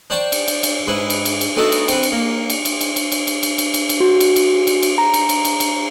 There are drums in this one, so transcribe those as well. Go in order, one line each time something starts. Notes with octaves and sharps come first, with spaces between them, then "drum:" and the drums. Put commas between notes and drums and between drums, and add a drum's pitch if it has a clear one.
D4 C5 D5 G5 C#6
drum: cymbal
drum: cymbal
drum: cymbal
G#2 E4 B4
drum: cymbal
drum: cymbal
drum: cymbal
A3 B3 D#4 E4 F#4 A4
drum: cymbal
C4 B4, drum: cymbal
drum: cymbal
A#3
drum: cymbal
drum: cymbal
drum: cymbal
drum: cymbal
drum: cymbal
drum: cymbal
drum: cymbal
drum: cymbal
drum: cymbal
drum: cymbal
F#4
drum: cymbal
drum: cymbal
drum: cymbal
drum: cymbal
A#5
drum: cymbal
drum: cymbal
drum: cymbal
drum: cymbal